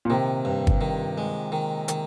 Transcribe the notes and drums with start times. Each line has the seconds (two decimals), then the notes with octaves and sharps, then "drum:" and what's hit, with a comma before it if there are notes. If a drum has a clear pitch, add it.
0.05 A#2
0.10 C3 D#3
0.45 G2
0.67 drum: kick
0.81 D#3
1.18 G#3
1.52 D#3
1.88 D#3, drum: hi-hat